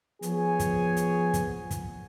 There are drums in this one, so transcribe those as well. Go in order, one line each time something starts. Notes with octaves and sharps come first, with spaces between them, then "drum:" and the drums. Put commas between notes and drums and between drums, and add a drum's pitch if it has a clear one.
F3 B3 G#4 C#5 G#5, drum: hi-hat
drum: kick, hi-hat
drum: hi-hat
drum: kick, hi-hat
drum: kick, hi-hat